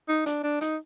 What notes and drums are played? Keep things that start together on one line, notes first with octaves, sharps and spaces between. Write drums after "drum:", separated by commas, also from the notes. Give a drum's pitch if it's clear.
D#4
D4, drum: hi-hat
D4
D#4, drum: hi-hat